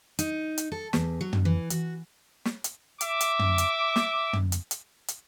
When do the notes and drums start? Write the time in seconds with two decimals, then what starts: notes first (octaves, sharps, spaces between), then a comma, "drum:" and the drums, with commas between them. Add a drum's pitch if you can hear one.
0.19 D#4, drum: hi-hat
0.58 drum: hi-hat
0.72 A4
0.93 E2, drum: snare
1.21 F#3
1.33 drum: tom
1.45 E3
1.70 F#4, drum: hi-hat
2.45 drum: snare
2.64 drum: hi-hat
3.01 E5 D6, drum: hi-hat
3.21 drum: hi-hat
3.39 drum: tom
3.58 drum: hi-hat
3.96 drum: snare
4.33 drum: tom
4.52 drum: hi-hat
4.71 drum: hi-hat
5.08 drum: hi-hat